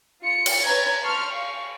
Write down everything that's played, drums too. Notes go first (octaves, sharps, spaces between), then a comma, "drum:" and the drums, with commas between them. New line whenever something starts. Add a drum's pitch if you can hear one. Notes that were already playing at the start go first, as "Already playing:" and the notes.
F4 C#7
drum: cymbal
B4 C#5 A#5 G#6 A6
A5 C6 C#6 F6
F5 C#6